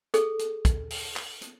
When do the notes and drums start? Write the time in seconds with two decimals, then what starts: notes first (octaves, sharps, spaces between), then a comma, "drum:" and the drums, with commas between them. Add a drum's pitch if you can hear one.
0.14 G#4 A4, drum: hi-hat
0.39 drum: hi-hat
0.65 drum: kick, hi-hat
0.90 drum: open hi-hat
1.16 drum: clap
1.42 drum: hi-hat